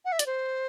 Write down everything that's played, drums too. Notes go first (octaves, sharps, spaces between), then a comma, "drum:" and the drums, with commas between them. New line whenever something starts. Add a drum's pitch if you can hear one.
F#5
E5
D5, drum: hi-hat
C5